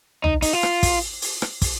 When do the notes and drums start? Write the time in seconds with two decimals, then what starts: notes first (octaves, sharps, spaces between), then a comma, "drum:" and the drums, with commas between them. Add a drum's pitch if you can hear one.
0.24 D#4, drum: tom
0.42 D#4, drum: open hi-hat
0.53 F4
0.63 drum: rim click
0.83 drum: kick, open hi-hat
1.22 drum: open hi-hat
1.42 drum: rim click
1.62 drum: kick, open hi-hat